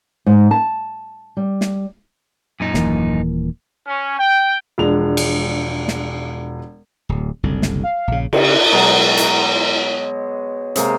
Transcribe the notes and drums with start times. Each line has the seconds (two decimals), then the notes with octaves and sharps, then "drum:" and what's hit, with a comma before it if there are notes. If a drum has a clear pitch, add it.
0.26 G#2
0.51 A5
1.37 G3
1.61 drum: snare
2.60 F#2 A#2 D#4
2.74 D#1 E3 A#3, drum: snare
3.87 C#4
4.17 G5
4.78 E1 F3 G#3 D4 F7
5.17 drum: cymbal
5.88 drum: snare
7.09 D1
7.43 F#1 C2 D3
7.62 drum: snare
7.83 F5
8.08 A#1 C#3
8.33 C#3 G4, drum: cymbal
8.72 B2 F#3 G#3
9.17 drum: hi-hat
10.75 C3 G#3 A#3, drum: hi-hat